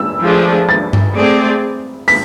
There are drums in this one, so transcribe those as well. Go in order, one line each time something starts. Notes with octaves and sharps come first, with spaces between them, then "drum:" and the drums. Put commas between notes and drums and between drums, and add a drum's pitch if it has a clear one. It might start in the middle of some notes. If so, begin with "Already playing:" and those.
Already playing: E6
F3 A3 D4 G#4
A6
drum: tom G2
A3 C4 G#4 D5
B6, drum: open hi-hat